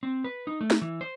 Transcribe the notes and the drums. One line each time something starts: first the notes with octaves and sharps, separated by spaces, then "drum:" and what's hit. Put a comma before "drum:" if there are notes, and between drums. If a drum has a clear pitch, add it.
C4
B4
D#4
A3
drum: snare
E3
C5